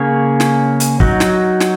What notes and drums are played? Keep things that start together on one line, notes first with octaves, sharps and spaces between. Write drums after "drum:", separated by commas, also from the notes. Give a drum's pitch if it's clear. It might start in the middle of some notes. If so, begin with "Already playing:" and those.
Already playing: C#3 A#3 C#4 G#4 C#5
drum: snare
drum: hi-hat
F#3 D#4 F#4, drum: kick
drum: snare
drum: snare